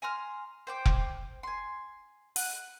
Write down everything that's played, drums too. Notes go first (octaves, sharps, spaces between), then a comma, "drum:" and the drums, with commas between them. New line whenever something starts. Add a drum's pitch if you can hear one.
G#5 A#5 C6 F6
C5 G5 D6
drum: kick F1
G#5 C6
F#5, drum: open hi-hat